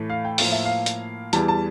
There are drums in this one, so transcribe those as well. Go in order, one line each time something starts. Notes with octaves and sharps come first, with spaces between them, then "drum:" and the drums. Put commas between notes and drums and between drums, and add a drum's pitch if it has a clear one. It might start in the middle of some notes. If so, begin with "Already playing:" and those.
Already playing: A2 E3 A3
F5
G5
A2 F3 A#3 F5, drum: open hi-hat
E5
F5
drum: hi-hat
E2 E3 G3 A5, drum: hi-hat
A5